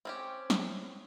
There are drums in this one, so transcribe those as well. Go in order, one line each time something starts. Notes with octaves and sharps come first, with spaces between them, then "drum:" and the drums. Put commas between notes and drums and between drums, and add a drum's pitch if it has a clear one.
C4 C#4 G4
drum: snare